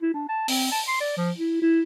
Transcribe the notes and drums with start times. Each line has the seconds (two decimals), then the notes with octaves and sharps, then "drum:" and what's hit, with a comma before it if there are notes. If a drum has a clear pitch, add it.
0.02 E4
0.14 D4
0.28 A5
0.48 C4, drum: open hi-hat
0.71 A5
0.87 C6
1.00 D5
1.17 F3
1.38 E4
1.62 E4